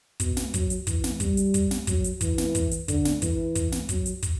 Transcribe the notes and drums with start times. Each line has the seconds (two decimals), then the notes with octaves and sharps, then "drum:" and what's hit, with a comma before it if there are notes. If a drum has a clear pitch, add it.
0.20 B2, drum: kick, hi-hat
0.37 drum: snare
0.54 F#3, drum: kick, hi-hat
0.70 drum: hi-hat
0.87 E3, drum: kick, hi-hat
1.04 drum: snare
1.20 G3, drum: kick, hi-hat
1.37 drum: hi-hat
1.54 drum: kick, hi-hat
1.71 drum: snare
1.87 F#3, drum: kick, hi-hat
2.04 drum: hi-hat
2.21 E3, drum: kick, hi-hat
2.38 drum: snare
2.55 drum: kick, hi-hat
2.72 drum: hi-hat
2.88 D3, drum: kick, hi-hat
3.05 drum: snare
3.22 E3, drum: kick, hi-hat
3.55 drum: kick, hi-hat
3.72 drum: snare
3.89 F#3, drum: kick, hi-hat
4.06 drum: hi-hat
4.23 drum: kick, hi-hat